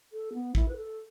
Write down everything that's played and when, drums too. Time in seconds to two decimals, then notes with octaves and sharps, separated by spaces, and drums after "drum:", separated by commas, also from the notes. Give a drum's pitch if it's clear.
0.13 A4
0.33 B3
0.55 E4, drum: kick
0.68 B4
0.76 A4